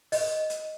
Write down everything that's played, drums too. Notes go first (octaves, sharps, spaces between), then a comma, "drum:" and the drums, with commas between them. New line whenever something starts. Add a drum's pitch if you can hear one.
D#5, drum: open hi-hat
drum: hi-hat